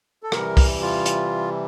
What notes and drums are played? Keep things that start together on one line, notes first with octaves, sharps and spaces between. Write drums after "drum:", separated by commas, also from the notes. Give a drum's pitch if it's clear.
A4
C3 E3 G3 A#4, drum: rim click
drum: kick, open hi-hat
F4
drum: hi-hat